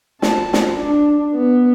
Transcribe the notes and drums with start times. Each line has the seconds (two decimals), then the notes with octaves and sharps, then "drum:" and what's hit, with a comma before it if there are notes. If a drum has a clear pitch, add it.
0.22 A5, drum: snare
0.53 drum: snare
0.76 D4
1.35 B3